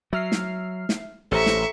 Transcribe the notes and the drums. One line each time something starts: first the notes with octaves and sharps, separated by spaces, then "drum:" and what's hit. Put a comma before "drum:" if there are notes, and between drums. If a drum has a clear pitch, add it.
F#3 E5 F6 C7
drum: snare
drum: snare
A1 G4 A4 C5 E5 A#5 C#6
drum: snare